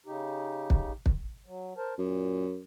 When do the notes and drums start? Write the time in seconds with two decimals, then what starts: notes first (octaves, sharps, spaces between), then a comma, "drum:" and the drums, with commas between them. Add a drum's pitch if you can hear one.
0.06 C#3 D#4 G4
0.70 drum: kick
1.06 drum: kick
1.46 F#3
1.77 A#4 C5 A5
1.99 F#2 A#2